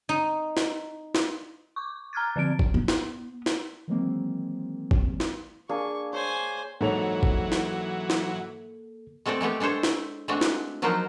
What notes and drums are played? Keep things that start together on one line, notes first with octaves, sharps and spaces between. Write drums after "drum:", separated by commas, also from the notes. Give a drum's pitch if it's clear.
D#4
drum: snare
drum: snare
C#6 D6
A#5 F6 F#6 G#6 A6
D3 F3 C4 D7
drum: kick F#1
B3
drum: snare
drum: snare
D#3 E3 F#3 G#3 A#3 C4
drum: kick F#1
drum: snare
A#3 D4 G#4 C#6
C5 C#5 G#5
G#2 E3 F#3 A#3 A4 C#5 F7
drum: kick F#1
drum: snare
drum: snare
G#3 A3 C4 A4 D5
G#3 A3 B3 G4
G#3 D4 A4 C5 C#5
drum: snare
G#3 A3 C4 D4 F#4
drum: snare
F3 F#3 B3 D#4 A#4 C5